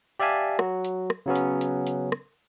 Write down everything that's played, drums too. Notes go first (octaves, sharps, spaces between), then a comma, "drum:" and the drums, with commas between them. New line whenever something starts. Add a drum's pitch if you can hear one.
G4 D5 E5 F5 G#5 A5
F#3 F#4, drum: rim click
drum: hi-hat
drum: rim click
C#3 F#3 B3 C#4
drum: hi-hat
drum: hi-hat
drum: hi-hat
drum: rim click